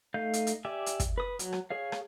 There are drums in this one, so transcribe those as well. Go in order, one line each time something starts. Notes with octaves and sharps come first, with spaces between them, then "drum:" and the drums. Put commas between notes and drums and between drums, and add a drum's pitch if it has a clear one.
A3 D#4 F5 G6
drum: hi-hat
drum: hi-hat
G4 D5 E5 G#5
drum: hi-hat
drum: kick, hi-hat
B4 D#6
F#3, drum: hi-hat
drum: rim click
G#4 C#5 F5
drum: rim click